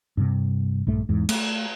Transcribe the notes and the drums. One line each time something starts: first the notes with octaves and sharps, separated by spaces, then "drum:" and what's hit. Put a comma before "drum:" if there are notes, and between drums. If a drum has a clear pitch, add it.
G2 C3
A#1 G2 A3
E2 G#2
A3, drum: cymbal